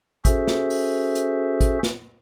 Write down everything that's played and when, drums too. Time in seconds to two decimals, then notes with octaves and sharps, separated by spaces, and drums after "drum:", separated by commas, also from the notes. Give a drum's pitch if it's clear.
0.25 C#4 F#4 G#4 A4 C5 E5, drum: kick G#1, hi-hat
0.48 drum: snare
0.70 drum: open hi-hat
1.15 drum: hi-hat
1.61 drum: kick G#1, hi-hat
1.83 drum: snare